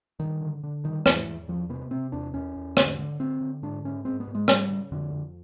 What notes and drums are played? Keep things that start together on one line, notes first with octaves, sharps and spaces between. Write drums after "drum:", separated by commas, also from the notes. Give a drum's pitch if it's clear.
G2 D#3
D3
D3
G2 D#3
E2 E3, drum: rim click
E2
E2 F3
C3 B3
C3 C4
E2 D4
E2 C#4
E2
D3, drum: rim click
D3
D3 C4
D3
G#2 D4
G#2 C#4
G#2 C4
B3
G#2
G#3
C#3 G3, drum: rim click
C#3
F2 D3
F2